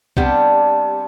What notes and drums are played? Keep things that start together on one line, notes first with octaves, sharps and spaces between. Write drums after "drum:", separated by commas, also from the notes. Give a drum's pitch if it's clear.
C3 G3 B3 D4, drum: kick C2